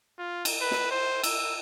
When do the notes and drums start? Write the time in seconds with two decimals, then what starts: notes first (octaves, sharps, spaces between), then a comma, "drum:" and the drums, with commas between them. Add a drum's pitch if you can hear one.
0.19 F4
0.45 drum: cymbal
0.61 B4
0.71 drum: snare
0.91 C5
1.24 E6, drum: cymbal